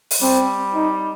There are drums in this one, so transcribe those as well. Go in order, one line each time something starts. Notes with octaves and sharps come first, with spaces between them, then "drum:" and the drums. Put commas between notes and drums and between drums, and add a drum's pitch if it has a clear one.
drum: open hi-hat
G3 C4
D#4